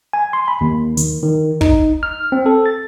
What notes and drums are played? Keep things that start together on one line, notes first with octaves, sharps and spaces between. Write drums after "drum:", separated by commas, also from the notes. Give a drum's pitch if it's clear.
G#5
C6
B5
D#2
D#3, drum: hi-hat
D#3
D#4, drum: kick
F6
C4
A4
A6